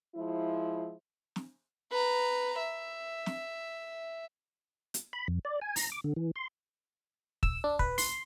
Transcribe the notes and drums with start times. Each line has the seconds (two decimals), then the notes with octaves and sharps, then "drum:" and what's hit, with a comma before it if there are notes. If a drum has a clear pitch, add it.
0.15 F3 G#3 E4
1.36 drum: snare
1.91 B4 A#5
2.58 E5
3.26 drum: snare
4.94 drum: hi-hat
5.13 B5
5.28 F2
5.45 D5
5.61 G#5
5.76 A#5, drum: open hi-hat
5.92 D6
6.04 D3
6.16 E3
6.36 C6
7.43 E6, drum: kick
7.64 D4
7.79 B4, drum: kick
7.98 C6, drum: open hi-hat